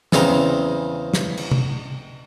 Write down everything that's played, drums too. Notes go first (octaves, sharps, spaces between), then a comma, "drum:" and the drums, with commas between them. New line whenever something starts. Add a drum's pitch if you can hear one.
E2 C#3 C4 A#5, drum: snare
drum: snare
drum: cymbal
drum: tom